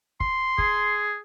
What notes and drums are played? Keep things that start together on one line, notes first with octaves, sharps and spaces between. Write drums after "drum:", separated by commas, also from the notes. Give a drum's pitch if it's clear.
C6, drum: kick
G#4, drum: kick